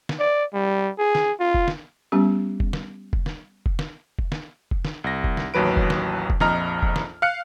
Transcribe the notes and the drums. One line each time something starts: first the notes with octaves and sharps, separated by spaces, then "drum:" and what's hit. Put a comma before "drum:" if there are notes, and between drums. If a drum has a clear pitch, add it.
drum: snare
D5
G3
G#4
drum: snare
F4
drum: kick
drum: snare
G3 B3 C#4 G4
drum: kick
drum: snare
drum: kick
drum: snare
drum: kick
drum: snare
drum: kick
drum: snare
drum: kick
drum: snare
C2 A#6
drum: kick
drum: snare
A1 D#2 F#3 B4 D7
drum: kick
drum: snare
drum: kick
A#1 F2 D#5 A#5 F6, drum: snare
drum: kick
drum: snare
F5 F6 F#6 C#7